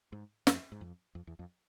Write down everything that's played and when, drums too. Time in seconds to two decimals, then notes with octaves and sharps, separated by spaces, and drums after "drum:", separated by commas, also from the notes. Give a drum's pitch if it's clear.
0.12 G#2
0.47 F2, drum: snare
0.72 G#2
0.81 F2
1.15 F2
1.27 E2
1.39 F2